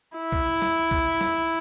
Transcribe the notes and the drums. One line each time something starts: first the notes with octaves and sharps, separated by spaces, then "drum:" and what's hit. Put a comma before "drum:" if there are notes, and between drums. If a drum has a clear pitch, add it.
E4
drum: kick
drum: snare
drum: kick
drum: snare